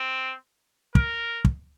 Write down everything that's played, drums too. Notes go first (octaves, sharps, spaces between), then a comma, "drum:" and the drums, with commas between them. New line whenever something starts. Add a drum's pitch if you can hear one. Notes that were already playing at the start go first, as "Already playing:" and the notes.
Already playing: C4
A#4, drum: kick
drum: kick